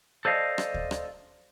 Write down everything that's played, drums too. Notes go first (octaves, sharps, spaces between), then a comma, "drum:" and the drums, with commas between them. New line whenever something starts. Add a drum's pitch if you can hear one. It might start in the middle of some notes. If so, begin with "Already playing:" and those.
A4 C5 D5 D#5 F5
drum: rim click
drum: kick D2
drum: rim click